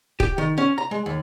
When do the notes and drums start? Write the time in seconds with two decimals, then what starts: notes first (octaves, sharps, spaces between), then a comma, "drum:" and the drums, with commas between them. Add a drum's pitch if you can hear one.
0.20 G4, drum: kick
0.38 D#3
0.58 C#4
0.78 A#5
0.91 G#3
1.06 D#2